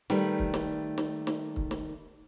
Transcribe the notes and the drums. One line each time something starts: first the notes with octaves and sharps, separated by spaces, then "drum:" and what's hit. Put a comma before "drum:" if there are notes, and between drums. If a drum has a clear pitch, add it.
D#3 G3 A3 B4, drum: snare
drum: kick C#1
drum: snare
drum: snare
drum: snare
drum: kick C#1
drum: snare